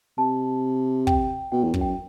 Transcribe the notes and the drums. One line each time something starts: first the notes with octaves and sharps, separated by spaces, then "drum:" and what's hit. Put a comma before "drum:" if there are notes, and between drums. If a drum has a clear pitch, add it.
C3 A5
G5, drum: kick
B2 G5
E2
F#2, drum: kick
G5